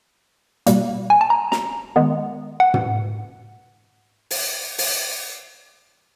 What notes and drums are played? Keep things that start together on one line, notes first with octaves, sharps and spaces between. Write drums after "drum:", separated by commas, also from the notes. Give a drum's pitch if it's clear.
B2 G3 A#3, drum: hi-hat
G#5
A5
A#5
A#5, drum: snare
D#3 G#3 B3
F#5
drum: tom
drum: open hi-hat
drum: open hi-hat